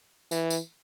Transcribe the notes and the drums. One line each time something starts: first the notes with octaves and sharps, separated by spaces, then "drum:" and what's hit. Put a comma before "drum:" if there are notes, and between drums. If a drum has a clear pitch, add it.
E3, drum: tambourine
drum: tambourine